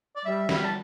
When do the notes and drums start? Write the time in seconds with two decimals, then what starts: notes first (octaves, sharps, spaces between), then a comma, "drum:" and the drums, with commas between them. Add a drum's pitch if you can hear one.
0.16 D5
0.25 G3 E5
0.49 G3, drum: snare
0.57 B5
0.65 A5